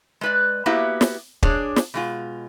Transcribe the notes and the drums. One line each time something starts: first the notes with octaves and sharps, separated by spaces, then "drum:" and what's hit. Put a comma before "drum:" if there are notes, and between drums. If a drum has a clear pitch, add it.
G#3 B4 D5
A#3 B3 E4 F#4 G4
drum: snare
D4 G#4 C#5 D5, drum: kick
drum: snare
B2 G#3 F4